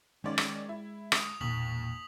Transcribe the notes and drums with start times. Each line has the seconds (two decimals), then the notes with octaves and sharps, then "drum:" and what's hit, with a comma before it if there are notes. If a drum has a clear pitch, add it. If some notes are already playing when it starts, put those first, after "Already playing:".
0.24 D#3 G#3 C#4 D5
0.38 drum: rim click
0.69 E4
1.12 D#6 F7, drum: rim click
1.40 E1 D#2 A#2 D#6 B6 F#7